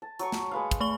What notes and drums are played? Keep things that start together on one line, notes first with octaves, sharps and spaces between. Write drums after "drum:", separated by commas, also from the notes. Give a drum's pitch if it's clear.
A5
F#3 C#6, drum: hi-hat
drum: snare
G#3 B4 F5
drum: kick, hi-hat
A3 C#6 G7